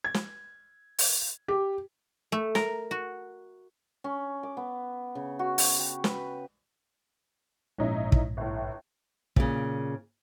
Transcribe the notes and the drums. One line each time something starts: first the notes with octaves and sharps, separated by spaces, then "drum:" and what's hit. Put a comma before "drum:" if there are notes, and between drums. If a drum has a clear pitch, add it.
G#6
drum: snare
drum: open hi-hat
G4
A3
A#4, drum: snare
F#4
C#4
D6
B3
C#3
F#4
drum: open hi-hat
G4
B4, drum: snare
A#1 G#2 C#4 D#4 E4
drum: kick
G1 A2
A#2 C#3, drum: kick